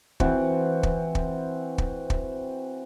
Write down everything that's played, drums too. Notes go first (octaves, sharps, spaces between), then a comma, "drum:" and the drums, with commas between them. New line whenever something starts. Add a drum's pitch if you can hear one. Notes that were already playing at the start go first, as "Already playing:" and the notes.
E3 C4 F#4, drum: kick
drum: kick
drum: kick
drum: kick
drum: kick